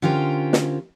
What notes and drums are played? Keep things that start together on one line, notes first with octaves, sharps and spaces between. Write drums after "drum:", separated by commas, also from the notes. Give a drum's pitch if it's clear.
D3 C#4 F4 G4 A#4 C5
drum: snare